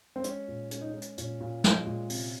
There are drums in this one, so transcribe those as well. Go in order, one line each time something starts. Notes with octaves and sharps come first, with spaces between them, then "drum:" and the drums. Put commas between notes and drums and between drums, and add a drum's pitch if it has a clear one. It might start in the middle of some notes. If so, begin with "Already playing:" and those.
C4
G#3 C#4, drum: hi-hat
A#2
G#3 C#4, drum: hi-hat
D#4
G#3 C#4
drum: hi-hat
A#2 C#4, drum: hi-hat
A#2
G#3, drum: snare
A#2
C3, drum: open hi-hat